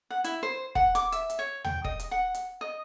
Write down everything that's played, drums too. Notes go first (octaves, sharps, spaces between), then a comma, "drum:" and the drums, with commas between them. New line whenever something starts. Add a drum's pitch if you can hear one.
F#5
E4, drum: hi-hat
C5
F#5, drum: kick E1
D6, drum: hi-hat
E5, drum: hi-hat
drum: hi-hat
C#5
G5, drum: tom D#2
D#5, drum: kick E1
drum: hi-hat
F#5
drum: hi-hat
D#5